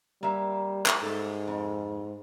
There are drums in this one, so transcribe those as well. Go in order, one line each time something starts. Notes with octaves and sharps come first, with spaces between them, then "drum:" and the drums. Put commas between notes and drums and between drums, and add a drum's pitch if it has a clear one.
G3 A#3 G4 E5
drum: clap
G#2 A4 E5
F2